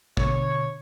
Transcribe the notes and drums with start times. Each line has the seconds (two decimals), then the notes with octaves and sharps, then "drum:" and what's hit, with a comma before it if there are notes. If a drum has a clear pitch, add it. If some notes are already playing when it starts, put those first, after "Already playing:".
0.17 B2 D3 C#5, drum: kick